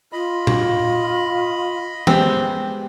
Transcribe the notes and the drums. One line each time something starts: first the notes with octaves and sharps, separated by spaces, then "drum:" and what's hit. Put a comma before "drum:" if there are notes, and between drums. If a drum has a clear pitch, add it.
F4 D#5 B5
drum: tom A#2
G#3 B3 C4 G4, drum: tom E3